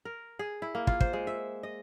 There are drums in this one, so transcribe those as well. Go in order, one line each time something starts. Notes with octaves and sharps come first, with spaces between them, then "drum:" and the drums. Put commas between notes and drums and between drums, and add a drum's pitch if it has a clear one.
A#4
G#4
E4
A#3
F4, drum: kick
C5, drum: kick
G#3
E5
D#5